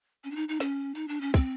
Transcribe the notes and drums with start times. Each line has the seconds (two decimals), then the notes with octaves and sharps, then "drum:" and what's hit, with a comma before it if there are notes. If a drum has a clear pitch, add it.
0.24 C#4
0.31 D4
0.36 D#4
0.49 D#4
0.60 C#4, drum: snare
0.95 D#4, drum: hi-hat
1.08 D4
1.21 C#4
1.34 C4, drum: kick, hi-hat